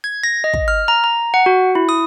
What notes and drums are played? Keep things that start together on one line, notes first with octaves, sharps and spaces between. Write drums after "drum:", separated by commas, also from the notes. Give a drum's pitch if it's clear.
G#6
A#6
D#5
drum: kick
F6
A#5
A#5
F#5
F#4
E4
D#6